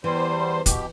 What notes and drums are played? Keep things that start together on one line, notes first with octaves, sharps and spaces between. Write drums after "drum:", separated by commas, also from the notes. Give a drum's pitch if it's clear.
E2 E3 G3 C5
B2 G4, drum: kick, hi-hat